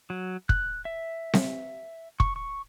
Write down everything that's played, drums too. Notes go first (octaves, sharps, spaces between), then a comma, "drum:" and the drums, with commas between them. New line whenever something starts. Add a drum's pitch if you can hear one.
F#3
F#6, drum: kick
E5
drum: snare C4
C#6, drum: kick
C#6